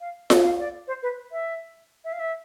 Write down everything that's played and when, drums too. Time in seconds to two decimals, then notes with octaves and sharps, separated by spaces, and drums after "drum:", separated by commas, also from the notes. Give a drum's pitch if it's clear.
0.01 F5
0.30 D5, drum: snare F4
0.44 F5
0.59 D5
0.88 C5
1.03 B4
1.32 E5
2.05 E5
2.13 F5
2.19 E5